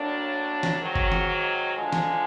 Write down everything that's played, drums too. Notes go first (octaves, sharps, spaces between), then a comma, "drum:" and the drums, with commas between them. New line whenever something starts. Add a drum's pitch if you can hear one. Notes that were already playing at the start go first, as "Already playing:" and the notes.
Already playing: A2 F#3 A#3 D4
drum: snare
G#2 D#3 F#3
drum: kick F#1
drum: tom D#3
D3 F3 G#3
drum: snare